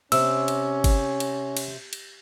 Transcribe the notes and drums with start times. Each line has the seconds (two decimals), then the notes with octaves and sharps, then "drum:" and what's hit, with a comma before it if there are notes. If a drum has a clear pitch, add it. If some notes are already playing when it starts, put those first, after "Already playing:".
0.12 C3 C#4 E6, drum: cymbal
0.48 drum: cymbal
0.84 drum: kick G1, cymbal
1.20 drum: cymbal
1.57 drum: cymbal
1.93 drum: cymbal